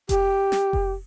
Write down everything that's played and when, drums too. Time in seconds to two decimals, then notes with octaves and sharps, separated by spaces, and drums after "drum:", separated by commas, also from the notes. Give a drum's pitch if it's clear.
0.09 G4, drum: kick F1, hi-hat
0.52 drum: snare
0.73 drum: kick F1